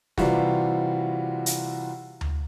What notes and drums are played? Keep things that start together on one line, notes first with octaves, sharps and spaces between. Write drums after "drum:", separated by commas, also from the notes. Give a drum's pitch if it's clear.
C3 E3 G3 F4 F#4, drum: snare
drum: hi-hat
drum: tom D2